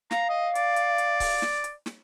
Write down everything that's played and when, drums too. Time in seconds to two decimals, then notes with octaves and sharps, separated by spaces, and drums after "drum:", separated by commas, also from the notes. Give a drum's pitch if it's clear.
0.11 F5 A#5, drum: snare
0.29 D#5
0.55 D5, drum: hi-hat
0.76 drum: hi-hat
0.98 drum: hi-hat
1.20 drum: kick C#1, open hi-hat
1.42 drum: snare
1.64 drum: hi-hat
1.86 drum: snare